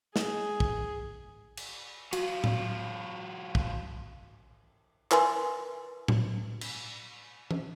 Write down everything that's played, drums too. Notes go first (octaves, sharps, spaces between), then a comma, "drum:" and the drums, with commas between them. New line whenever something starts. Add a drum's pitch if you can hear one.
G#4, drum: snare
drum: kick
drum: cymbal
F#3 F4 F#4, drum: cymbal
drum: tom A2
drum: kick
A#4 B4 G#5 C6, drum: clap
drum: tom A2
drum: cymbal
drum: tom E3